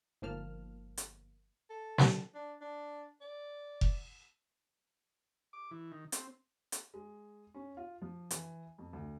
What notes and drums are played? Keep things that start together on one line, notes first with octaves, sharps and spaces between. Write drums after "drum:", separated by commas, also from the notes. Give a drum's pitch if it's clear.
G1 G#2 F3 A#3 A5 F6
drum: hi-hat
A4
drum: snare
D4
D4
D5
drum: kick F1
D6
E3
D#3
C4, drum: hi-hat
drum: hi-hat
G#3
C#4
F4
F3
E3, drum: hi-hat
F2
D2